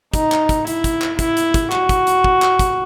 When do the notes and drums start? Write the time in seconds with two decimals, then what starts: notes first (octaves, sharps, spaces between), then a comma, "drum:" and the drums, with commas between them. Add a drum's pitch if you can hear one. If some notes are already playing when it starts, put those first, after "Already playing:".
0.14 D#4, drum: kick, hi-hat
0.32 drum: clap
0.49 drum: kick, hi-hat
0.67 E4, drum: hi-hat
0.84 drum: kick, hi-hat
1.02 drum: clap
1.19 E4, drum: kick, hi-hat
1.37 drum: hi-hat
1.54 drum: kick, hi-hat
1.72 F#4, drum: clap
1.89 drum: kick, hi-hat
2.07 drum: hi-hat
2.24 drum: kick
2.42 drum: clap
2.59 drum: kick, hi-hat